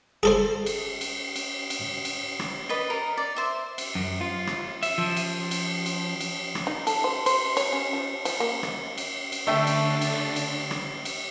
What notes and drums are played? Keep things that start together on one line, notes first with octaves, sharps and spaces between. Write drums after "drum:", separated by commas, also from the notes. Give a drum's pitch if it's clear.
G#4 A4 C5
drum: cymbal
drum: cymbal
drum: cymbal
drum: cymbal
drum: cymbal
drum: rim click
B4 D5 D#5
A#4
D5
C5 E5
drum: cymbal
F#2
F4
drum: rim click
E5, drum: cymbal
F3
drum: cymbal
drum: cymbal
drum: cymbal
drum: cymbal
drum: rim click
D#4
A4, drum: cymbal
C5
C5, drum: cymbal
C#5, drum: cymbal
C#4
F3
F3, drum: cymbal
A#3
drum: rim click
drum: cymbal
drum: cymbal
D3 A3 D4 E5 G5
drum: cymbal
drum: cymbal
drum: cymbal
drum: rim click
drum: cymbal